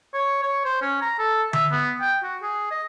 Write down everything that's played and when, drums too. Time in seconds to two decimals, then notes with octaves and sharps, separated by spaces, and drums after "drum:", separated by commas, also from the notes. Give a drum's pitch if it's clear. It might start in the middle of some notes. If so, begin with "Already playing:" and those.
0.14 C#5
0.43 C#5
0.65 C5
0.81 C#4
1.02 A#5
1.19 A4
1.53 E5, drum: tom D3
1.71 B3
2.01 G5
2.24 F#4
2.42 G#4
2.71 D#5